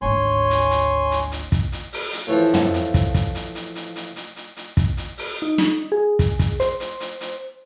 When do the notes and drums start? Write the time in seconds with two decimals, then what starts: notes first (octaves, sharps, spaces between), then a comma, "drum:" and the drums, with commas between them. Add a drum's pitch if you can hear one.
0.02 G#1 D2 C#5 G#5 C6
0.50 drum: hi-hat
0.71 drum: hi-hat
1.11 drum: hi-hat
1.32 drum: hi-hat
1.52 drum: kick, hi-hat
1.72 drum: hi-hat
1.93 drum: open hi-hat
2.13 drum: hi-hat
2.27 A2 E3 F3
2.54 drum: tom
2.74 drum: hi-hat
2.94 drum: kick, hi-hat
3.14 drum: kick, hi-hat
3.35 drum: hi-hat
3.55 drum: hi-hat
3.75 drum: hi-hat
3.96 drum: hi-hat
4.16 drum: hi-hat
4.36 drum: hi-hat
4.57 drum: hi-hat
4.77 drum: kick, hi-hat
4.97 drum: hi-hat
5.18 drum: open hi-hat
5.42 D#4
5.58 drum: snare
5.92 G#4
6.19 drum: kick, hi-hat
6.39 drum: kick, hi-hat
6.60 C5, drum: hi-hat
6.80 drum: hi-hat
7.00 drum: hi-hat
7.21 drum: hi-hat